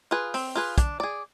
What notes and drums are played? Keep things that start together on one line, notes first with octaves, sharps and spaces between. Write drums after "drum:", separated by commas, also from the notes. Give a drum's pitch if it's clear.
F4 G#4 B4
C4, drum: open hi-hat
F4 G#4 B4
D4, drum: kick, hi-hat
G#4 D5